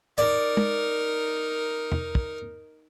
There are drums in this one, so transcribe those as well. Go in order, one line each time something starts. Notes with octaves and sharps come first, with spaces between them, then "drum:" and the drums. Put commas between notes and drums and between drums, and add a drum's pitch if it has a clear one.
D#4 A#4 D5
drum: tom
drum: tom
drum: kick